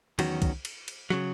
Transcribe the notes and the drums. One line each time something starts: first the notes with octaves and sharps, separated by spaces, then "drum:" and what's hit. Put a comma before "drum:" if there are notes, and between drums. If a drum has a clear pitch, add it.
E2 D#3 F#3 C#4 F#4, drum: cymbal
drum: kick, cymbal
drum: cymbal
drum: cymbal
C#3 F#3, drum: rim click